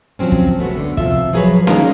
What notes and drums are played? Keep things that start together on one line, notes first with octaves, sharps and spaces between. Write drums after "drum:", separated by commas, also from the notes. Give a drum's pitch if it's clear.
F3 F#3 C4 C#4
drum: kick
G#3 A3 B3 F#4
D3
C3 F3 F4 E5, drum: kick
F3 F#3 G#4 A4 B4 C#5
A#3 D#4 G#4 A#4 F5, drum: snare C#4